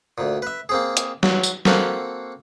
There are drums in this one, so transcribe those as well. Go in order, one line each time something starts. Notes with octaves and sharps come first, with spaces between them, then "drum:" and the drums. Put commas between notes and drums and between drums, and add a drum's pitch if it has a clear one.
D2 A#2
B4 E5
A#3 C4 G#4
drum: hi-hat
F#3, drum: snare
drum: tambourine
A#3 C4 F#4 A4 A#4, drum: snare